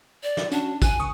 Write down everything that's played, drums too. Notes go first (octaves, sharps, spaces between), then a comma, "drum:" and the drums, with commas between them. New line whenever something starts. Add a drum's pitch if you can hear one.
D5
drum: snare
C#4 D4 F#4, drum: tambourine
G#5 F#6, drum: kick, tambourine
C#2 C#6 D#6